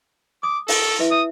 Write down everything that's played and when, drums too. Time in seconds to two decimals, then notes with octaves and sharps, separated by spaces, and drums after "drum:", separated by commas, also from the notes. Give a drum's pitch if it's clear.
0.43 D6 D#6
0.68 A4, drum: open hi-hat
0.99 E4 B4 E5
1.11 E5 D#6